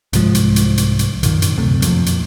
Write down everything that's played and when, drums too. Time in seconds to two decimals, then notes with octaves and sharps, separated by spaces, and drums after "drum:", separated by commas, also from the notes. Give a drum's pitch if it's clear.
0.13 C2 G#2 F3 G#3, drum: hi-hat
0.35 drum: hi-hat
0.56 drum: hi-hat
0.78 drum: hi-hat
0.99 drum: hi-hat
1.23 F#2 A#2 D#3, drum: hi-hat
1.42 drum: hi-hat
1.57 C#2 F#2 C3 A3
1.82 F2 A#2 F3, drum: hi-hat
2.06 drum: hi-hat